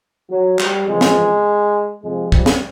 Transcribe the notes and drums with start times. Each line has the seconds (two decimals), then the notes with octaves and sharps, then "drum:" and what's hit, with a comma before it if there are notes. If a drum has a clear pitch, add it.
0.30 F#3
0.59 G3, drum: clap
0.87 F2 C#3 E3 G#3
1.01 drum: snare
2.03 F2 C3 F3 G#3
2.32 G3, drum: kick
2.46 drum: snare